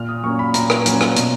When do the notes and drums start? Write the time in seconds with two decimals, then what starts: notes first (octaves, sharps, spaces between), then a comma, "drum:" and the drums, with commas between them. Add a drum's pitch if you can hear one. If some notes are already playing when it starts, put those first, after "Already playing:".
Already playing: A#2 F6
0.09 D#6
0.23 F#3 A#3 C#4 C#6
0.39 B5
0.54 A#2 A#5, drum: hi-hat
0.70 drum: rim click
0.86 F#3 A#3 C#4, drum: hi-hat
1.01 drum: rim click
1.16 B2, drum: hi-hat